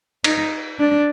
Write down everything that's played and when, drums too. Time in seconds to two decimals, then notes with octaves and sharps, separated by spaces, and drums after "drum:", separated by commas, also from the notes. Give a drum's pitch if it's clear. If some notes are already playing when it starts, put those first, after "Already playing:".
0.24 D#4, drum: cymbal
0.79 D4